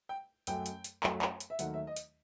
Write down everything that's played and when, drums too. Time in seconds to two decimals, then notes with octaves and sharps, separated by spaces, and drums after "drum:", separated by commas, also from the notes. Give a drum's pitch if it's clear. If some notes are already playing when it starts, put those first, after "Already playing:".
0.09 G5
0.47 F#2 F#3 A3 G5, drum: hi-hat
0.66 drum: hi-hat
0.84 drum: hi-hat
1.03 F#2 F#3 A3, drum: clap
1.22 drum: clap
1.40 drum: hi-hat
1.50 E5
1.59 D#2 D#3 F#3 A3 F#5, drum: hi-hat
1.74 E5
1.87 D#5
1.97 drum: hi-hat